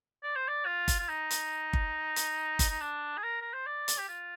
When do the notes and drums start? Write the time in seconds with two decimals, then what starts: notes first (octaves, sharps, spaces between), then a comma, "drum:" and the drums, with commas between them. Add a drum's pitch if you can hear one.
0.23 D5
0.36 C5
0.48 D5
0.66 F4
0.88 drum: kick G1, hi-hat
1.00 F4
1.09 D#4
1.31 drum: hi-hat
1.73 drum: kick G1
2.16 drum: hi-hat
2.59 drum: kick G1, hi-hat
2.70 D#4
2.81 D4
3.18 G#4
3.23 A#4
3.42 A#4
3.54 C5
3.66 D5
3.88 drum: hi-hat
3.98 G4
4.09 F4